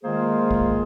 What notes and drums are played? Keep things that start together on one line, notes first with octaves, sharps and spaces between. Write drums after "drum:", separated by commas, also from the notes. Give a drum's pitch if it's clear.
D#3 G#3 A#3 F4 G#4 C5
drum: kick A1